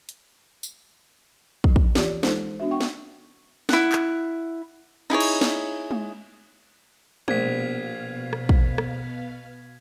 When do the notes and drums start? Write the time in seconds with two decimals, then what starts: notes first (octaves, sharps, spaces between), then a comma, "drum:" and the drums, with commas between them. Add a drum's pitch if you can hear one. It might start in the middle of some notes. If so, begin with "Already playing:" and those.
0.09 drum: hi-hat
0.63 drum: tambourine
1.64 F3, drum: kick
1.76 drum: kick
1.95 E3 F4 G4 D5, drum: snare
2.23 G#3 D#4 F4 A4 C5, drum: snare
2.60 B3 D4 F#4 E5
2.71 F#5 G5 C#6
2.81 drum: snare
3.69 E4 F#5, drum: snare
3.92 drum: clap
5.10 D#4 E4 G#4 C#5
5.20 drum: cymbal
5.41 drum: snare
5.91 drum: tom G#3
7.28 A#1 B2 B3 F5 G#6 B6, drum: tom G#3
8.33 drum: rim click
8.49 drum: kick
8.78 drum: rim click